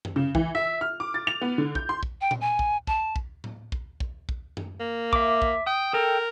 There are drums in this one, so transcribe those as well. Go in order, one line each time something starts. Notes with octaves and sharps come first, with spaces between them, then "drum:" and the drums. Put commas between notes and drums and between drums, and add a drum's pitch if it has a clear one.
drum: tom F#2
C#3
E3, drum: kick A#1
E5
F6
D6
A6
F7
B3
D3
G6, drum: kick A#1
C6
drum: kick A#1
G5
drum: tom A#2
G#5
drum: kick A#1
A5, drum: kick A#1
drum: kick A#1
drum: tom A2
drum: kick A#1
drum: kick A#1
drum: kick A#1
drum: tom F#2
A#3
E5 D6, drum: kick A#1
drum: kick A#1
G5 D#6
A4 A#4 G5